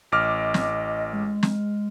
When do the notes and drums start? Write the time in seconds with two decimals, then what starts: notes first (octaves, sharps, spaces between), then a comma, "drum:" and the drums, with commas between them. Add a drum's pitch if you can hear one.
0.12 A1 D#5 D6 F6
0.54 drum: snare
1.13 G#3
1.43 drum: snare